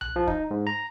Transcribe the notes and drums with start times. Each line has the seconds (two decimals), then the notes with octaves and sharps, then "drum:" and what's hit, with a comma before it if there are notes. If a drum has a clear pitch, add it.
0.01 F#6, drum: tom B1
0.16 F3
0.27 D#4, drum: kick
0.51 G#2
0.67 A#5